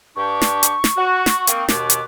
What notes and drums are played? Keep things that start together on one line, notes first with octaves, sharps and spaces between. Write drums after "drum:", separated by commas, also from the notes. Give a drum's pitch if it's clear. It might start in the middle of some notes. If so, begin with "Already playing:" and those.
G2 D4 G4 C#6
drum: snare
drum: hi-hat
drum: snare
F#4
drum: snare
A#3 C4 D#4, drum: hi-hat
D#2 B2 B3 D6, drum: snare
drum: hi-hat